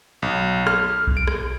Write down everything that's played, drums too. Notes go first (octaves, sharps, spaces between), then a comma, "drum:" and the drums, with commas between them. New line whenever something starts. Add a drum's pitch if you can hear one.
B1
F6, drum: rim click
drum: kick B1
D7
drum: rim click